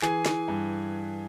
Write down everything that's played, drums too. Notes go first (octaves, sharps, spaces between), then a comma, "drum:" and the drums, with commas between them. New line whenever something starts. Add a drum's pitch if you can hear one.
E3 G#4 G#5, drum: clap
E3, drum: snare
G2